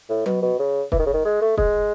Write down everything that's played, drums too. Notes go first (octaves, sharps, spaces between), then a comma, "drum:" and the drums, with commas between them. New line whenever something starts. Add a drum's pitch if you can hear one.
A2
B2, drum: tom F#3
B2
C#3
E3, drum: kick
D#3
C#3
D#3
G#3
A3
G#3, drum: kick